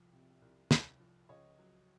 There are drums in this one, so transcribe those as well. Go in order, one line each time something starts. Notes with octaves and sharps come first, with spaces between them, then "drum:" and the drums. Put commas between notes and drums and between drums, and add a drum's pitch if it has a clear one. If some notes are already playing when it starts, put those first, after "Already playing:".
Already playing: C2 F3
C3
C2
C2, drum: snare
F3
C#2 C#5 D#5
F#3